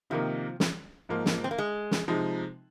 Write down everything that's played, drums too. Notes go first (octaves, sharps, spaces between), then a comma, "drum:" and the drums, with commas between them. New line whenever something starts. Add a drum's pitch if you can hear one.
C3 D#3 F3 A#3
drum: snare
G#2 F3 A#3
drum: snare
C4
A#3
G#3
drum: snare
C3 F3 G#3 D#4